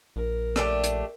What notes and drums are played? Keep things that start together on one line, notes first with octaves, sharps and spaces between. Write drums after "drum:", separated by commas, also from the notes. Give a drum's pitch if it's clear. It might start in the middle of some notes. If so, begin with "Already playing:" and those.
A#1 A#4
A3 D4 G4, drum: rim click
drum: hi-hat